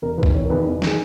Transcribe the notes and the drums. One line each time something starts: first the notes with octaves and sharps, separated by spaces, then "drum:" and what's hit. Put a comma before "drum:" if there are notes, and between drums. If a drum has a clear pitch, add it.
E1 A#4
E2 B4
D#3, drum: kick B1
E1 C#5
A#4
E2 D#3 B4
E1
D#3 G#4, drum: snare